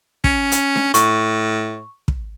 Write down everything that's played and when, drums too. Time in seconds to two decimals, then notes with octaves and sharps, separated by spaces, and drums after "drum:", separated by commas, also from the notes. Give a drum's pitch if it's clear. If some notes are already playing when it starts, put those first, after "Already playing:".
0.24 C#4, drum: kick
0.52 drum: hi-hat
0.76 drum: snare D4
0.94 A2 C#6, drum: hi-hat
2.08 drum: kick